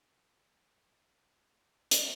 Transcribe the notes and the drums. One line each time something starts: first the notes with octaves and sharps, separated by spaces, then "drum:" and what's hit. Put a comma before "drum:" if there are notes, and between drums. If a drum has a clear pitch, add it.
F#3
G#4
C#3 C#4 D#4
drum: hi-hat